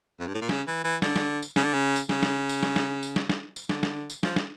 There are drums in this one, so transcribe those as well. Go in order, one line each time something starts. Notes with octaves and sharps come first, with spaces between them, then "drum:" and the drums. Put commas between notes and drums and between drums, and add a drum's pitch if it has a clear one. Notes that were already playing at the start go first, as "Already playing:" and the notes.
F2
G2
A2
A#2
C#3, drum: snare
E3
E3
D3, drum: snare
drum: snare
drum: tambourine
C#3, drum: snare
D3
C#3
drum: tambourine
C#3, drum: snare
drum: snare
drum: tambourine
drum: snare
drum: snare
drum: tambourine
drum: snare
drum: snare
drum: tambourine
D3, drum: snare
drum: snare
drum: tambourine
F3, drum: snare
drum: snare